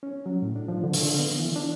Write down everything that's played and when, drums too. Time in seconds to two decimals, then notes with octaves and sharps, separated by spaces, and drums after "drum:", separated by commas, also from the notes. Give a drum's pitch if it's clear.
0.03 C#4
0.26 F#3
0.42 A2
0.56 D4
0.68 F3
0.84 D3
0.93 drum: open hi-hat
1.06 D3
1.19 B3
1.39 E3
1.56 D4